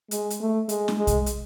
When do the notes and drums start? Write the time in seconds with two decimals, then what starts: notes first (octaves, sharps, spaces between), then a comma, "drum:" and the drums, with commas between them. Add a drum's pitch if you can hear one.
0.11 G#3, drum: hi-hat
0.30 drum: hi-hat
0.41 A3
0.69 G#3, drum: hi-hat
0.88 drum: snare
0.98 G#3
1.07 drum: kick, hi-hat
1.26 drum: hi-hat